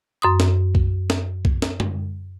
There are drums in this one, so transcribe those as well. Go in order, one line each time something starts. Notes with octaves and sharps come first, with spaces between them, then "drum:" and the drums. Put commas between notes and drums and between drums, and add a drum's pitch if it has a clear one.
F#2 C6 D#6
drum: snare
drum: kick
drum: snare
drum: kick
drum: snare
drum: tom F#2